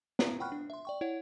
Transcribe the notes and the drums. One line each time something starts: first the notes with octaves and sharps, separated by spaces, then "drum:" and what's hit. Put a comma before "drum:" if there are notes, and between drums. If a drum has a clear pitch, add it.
E4 A#5, drum: snare
F#5 G5 B5 C#6 F6 F#6
D4
E5 C6
D5 G5 C#6
E4 C#5 F#5